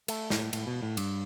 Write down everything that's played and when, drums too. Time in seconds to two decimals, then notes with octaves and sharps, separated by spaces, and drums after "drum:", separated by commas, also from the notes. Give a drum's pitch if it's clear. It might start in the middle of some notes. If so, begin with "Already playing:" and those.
0.08 A3, drum: cymbal
0.30 A2, drum: snare
0.53 A2, drum: cymbal
0.67 B2
0.83 A2
0.97 G2, drum: cymbal